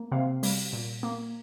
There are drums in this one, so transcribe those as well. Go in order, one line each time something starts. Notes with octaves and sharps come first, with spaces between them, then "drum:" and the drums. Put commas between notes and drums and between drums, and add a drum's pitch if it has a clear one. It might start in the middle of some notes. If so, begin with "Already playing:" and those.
Already playing: A#3
C3 F5
G3, drum: open hi-hat
A#2
A#3